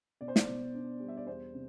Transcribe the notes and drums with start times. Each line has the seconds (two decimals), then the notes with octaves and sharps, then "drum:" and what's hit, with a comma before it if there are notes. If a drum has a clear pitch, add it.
0.21 B2 D5
0.28 C5
0.36 D5, drum: snare
0.48 B2
0.74 D4
1.00 G3
1.08 E5
1.17 D5
1.27 E2 C5
1.54 C3